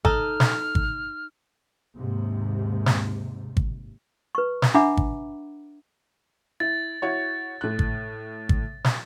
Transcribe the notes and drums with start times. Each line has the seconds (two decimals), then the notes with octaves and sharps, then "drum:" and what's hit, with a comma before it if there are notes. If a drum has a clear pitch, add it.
0.05 D#4 A4 F6, drum: kick
0.40 drum: snare
0.75 drum: kick
1.96 D#2 G#2 C3
2.86 drum: snare
3.57 drum: kick
4.35 B4 C#6
4.62 drum: snare
4.75 D4 E5 F#5 A#5 B5 D6
4.97 drum: kick
6.60 E4 A6
7.02 E4 F#4 C#5
7.61 A2 F#6
7.79 drum: kick
8.49 drum: kick
8.84 drum: snare